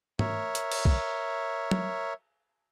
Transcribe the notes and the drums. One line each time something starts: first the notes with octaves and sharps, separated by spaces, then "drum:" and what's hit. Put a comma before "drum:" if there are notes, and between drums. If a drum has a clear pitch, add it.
A#4 C#5 E5, drum: tom
drum: hi-hat
drum: cymbal
drum: kick B1
drum: tom